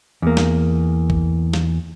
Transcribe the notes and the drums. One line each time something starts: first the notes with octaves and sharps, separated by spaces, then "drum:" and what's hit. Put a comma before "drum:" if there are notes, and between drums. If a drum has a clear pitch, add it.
E2 A#3
drum: snare
drum: kick
drum: snare